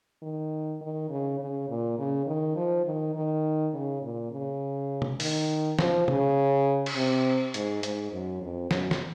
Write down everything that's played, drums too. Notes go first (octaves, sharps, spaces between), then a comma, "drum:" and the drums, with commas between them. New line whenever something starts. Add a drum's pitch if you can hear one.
D#3
D#3
C#3
C#3
A#2
C#3
D#3
F3
D#3
D#3
C#3
A#2
C#3
drum: tom
D#3, drum: open hi-hat
F3, drum: snare
C#3, drum: tom
drum: cymbal
C3
G#2, drum: hi-hat
G#2, drum: hi-hat
F#2
F2
F#2, drum: snare
drum: snare